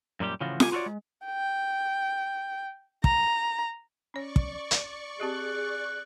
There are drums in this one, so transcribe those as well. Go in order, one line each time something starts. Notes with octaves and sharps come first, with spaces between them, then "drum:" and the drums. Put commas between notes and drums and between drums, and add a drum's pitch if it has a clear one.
F#2 A#2 G3 G4
A2 C#3 E3 F3 F4 F#4
C#2 G4 G#5, drum: snare F4
F4 F#4 A4 C#5 D5
G#3
G5
A#5, drum: kick
C#4 C#5 D5 C#6
drum: kick
drum: hi-hat
C4 G4 G#4 D#5 F#6